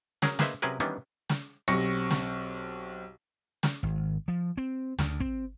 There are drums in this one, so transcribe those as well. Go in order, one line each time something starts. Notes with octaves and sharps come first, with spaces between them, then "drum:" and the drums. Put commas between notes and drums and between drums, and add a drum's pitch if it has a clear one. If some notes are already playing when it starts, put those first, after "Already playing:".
F#3 C#4 G#4 A#4, drum: snare
A#3 G#4 B4 C5 D#5 E5, drum: snare
C3 F#3 C#4 G#4 A#4 B4
D#3 E3 G3 B3 C#4 D4
drum: snare
B1 C4 G4 C#6 A#6 C#7
drum: snare
drum: snare
G#1
F3
C4
D2, drum: snare
C4, drum: kick